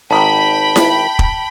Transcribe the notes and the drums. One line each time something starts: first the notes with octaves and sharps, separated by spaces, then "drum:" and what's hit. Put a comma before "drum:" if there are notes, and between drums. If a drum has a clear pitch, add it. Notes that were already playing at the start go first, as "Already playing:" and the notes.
G#1 D#4 G5 A5 B5
drum: snare E4
drum: kick